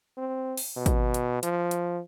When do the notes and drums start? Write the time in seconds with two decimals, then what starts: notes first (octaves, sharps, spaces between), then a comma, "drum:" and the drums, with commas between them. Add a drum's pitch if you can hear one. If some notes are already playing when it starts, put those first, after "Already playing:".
0.17 C4
0.57 drum: open hi-hat
0.76 B2
0.86 drum: kick, hi-hat
1.14 drum: hi-hat
1.43 F3, drum: hi-hat
1.71 drum: hi-hat